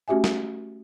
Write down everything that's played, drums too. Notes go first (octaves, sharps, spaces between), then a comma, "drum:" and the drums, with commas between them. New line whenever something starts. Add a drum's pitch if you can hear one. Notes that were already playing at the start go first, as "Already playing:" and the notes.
A3 C#4 F#4 G4 E5 G#5
drum: snare